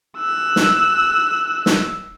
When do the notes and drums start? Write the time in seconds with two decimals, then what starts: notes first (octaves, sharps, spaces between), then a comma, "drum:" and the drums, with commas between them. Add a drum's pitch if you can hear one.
0.19 E6 F#6
0.56 drum: snare
1.66 drum: snare